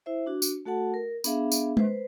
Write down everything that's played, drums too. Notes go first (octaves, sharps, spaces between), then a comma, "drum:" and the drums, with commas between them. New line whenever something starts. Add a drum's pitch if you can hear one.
E4 C5 E5
D4 F#4
drum: tambourine
A3 F#4 A4 F#5 A5
A#4
B3 D4 G#4 E5 F5, drum: tambourine
drum: tambourine
B4 C5, drum: tom G#3